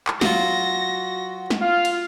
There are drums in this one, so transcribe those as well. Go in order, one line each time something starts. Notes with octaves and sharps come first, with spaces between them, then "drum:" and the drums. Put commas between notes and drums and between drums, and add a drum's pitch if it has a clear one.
drum: clap
F#3 F4 F#4 A#6, drum: snare
drum: snare
F4 F5
drum: cymbal